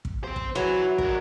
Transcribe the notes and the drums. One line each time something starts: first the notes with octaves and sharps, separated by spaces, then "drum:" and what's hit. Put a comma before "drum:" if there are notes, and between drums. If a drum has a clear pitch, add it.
drum: kick
C4 C5
drum: kick
F#3 E4 B4
D4 A#4, drum: kick